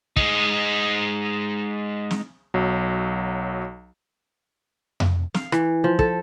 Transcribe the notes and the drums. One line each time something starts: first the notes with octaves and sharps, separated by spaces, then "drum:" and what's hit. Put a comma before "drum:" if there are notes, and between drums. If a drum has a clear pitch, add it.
G#3 D#4, drum: kick
drum: snare
B1 F#3
drum: tom F2
F5, drum: snare
E3, drum: rim click
F3
A4, drum: kick